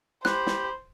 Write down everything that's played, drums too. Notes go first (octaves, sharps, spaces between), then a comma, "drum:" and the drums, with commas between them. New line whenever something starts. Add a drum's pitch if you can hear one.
G4 C5 B5 F#6, drum: snare
drum: snare